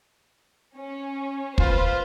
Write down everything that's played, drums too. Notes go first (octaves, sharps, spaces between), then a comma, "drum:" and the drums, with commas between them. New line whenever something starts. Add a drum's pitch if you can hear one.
C#4
F4 B4 C5, drum: kick